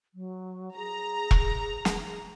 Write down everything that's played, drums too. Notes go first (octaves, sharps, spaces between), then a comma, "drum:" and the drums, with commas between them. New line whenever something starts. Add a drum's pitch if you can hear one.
F#3
G#4 A#5
drum: kick E1
drum: snare